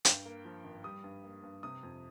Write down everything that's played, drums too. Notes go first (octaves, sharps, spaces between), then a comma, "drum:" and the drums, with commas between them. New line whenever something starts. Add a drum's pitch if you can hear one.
G2 G5, drum: hi-hat
A#3
F3
G#1
G3 D#6
G2
A#3
G2
C3 D#6
F2